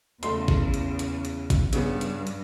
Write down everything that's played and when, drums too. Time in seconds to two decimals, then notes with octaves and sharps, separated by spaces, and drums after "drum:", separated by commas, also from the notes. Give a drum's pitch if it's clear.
0.23 E2 C#3 A3 C6, drum: hi-hat
0.48 drum: kick G#1
0.74 drum: hi-hat
0.99 drum: hi-hat
1.25 drum: hi-hat
1.50 drum: kick G#1, hi-hat
1.73 G2 C#3 B3, drum: hi-hat
2.01 drum: hi-hat
2.27 drum: hi-hat